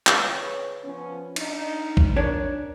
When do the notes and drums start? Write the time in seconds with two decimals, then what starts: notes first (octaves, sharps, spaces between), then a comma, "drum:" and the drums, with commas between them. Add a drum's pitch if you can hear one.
0.07 drum: clap
0.22 C#3 B4 C#5
0.85 F3 B3 C#4
1.36 D4 D#4, drum: cymbal
1.97 drum: kick A#1
2.16 G2 C#4 D4 A#4 C#5 D5